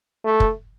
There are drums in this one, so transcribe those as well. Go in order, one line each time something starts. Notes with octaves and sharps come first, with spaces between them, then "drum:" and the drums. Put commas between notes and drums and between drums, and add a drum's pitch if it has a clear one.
A3
drum: kick